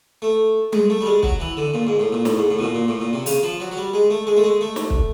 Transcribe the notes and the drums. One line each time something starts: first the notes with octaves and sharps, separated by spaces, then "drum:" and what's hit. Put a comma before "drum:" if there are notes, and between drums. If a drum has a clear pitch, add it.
A3
G#3, drum: tom G3
A3
G3
G#3
F#3, drum: kick
E3
D3
A#2
G#2
A2
A#2
A2, drum: snare
G#2
A2
B2
A#2
A#2
A2
A#2
C3
C#3, drum: open hi-hat
F3
F#3
F#3
G3
G#3
A3
G#3
A3
G#3
A3
drum: snare
drum: kick